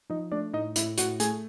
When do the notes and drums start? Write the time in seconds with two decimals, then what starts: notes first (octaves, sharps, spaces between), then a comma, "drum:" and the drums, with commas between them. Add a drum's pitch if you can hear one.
0.10 F3 D#4 D#5
0.32 A3 D4 D5
0.53 A2 D#4 D#5
0.76 A2 E4 E5, drum: hi-hat
0.98 A2 F#4 F#5, drum: hi-hat
1.20 A3 G#4 G#5, drum: hi-hat